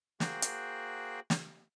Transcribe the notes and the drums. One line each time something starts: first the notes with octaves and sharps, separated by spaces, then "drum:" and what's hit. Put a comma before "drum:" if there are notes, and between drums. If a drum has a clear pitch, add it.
A#3 F#4 G#4 C5 G5 F#6, drum: snare
drum: hi-hat
drum: snare